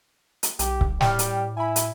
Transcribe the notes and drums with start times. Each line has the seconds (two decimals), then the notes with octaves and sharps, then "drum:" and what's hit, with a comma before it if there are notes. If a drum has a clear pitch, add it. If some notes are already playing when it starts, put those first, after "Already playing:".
0.43 drum: hi-hat
0.59 B1 G4, drum: hi-hat
0.81 drum: kick C#1
1.01 A2 G3 G5 F6, drum: snare
1.19 drum: hi-hat
1.57 E4 G#5 B5
1.76 drum: hi-hat